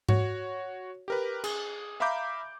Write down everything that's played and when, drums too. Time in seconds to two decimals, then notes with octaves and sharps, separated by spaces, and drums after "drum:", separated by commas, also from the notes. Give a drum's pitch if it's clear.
0.09 F#4 C#5, drum: tom G#2
1.08 G4 A#4 B4
1.44 G#4, drum: cymbal
2.00 E5 F5 A#5 B5 D6 G6